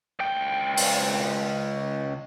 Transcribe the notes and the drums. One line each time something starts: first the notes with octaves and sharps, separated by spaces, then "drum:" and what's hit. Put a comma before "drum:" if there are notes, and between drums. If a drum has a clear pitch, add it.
C#2 G5
drum: open hi-hat